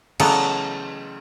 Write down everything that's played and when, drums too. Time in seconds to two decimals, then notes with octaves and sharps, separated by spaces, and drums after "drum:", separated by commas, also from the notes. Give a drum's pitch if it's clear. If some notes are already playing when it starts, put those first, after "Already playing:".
0.20 C#3 E3 F#3 A3 B3, drum: cymbal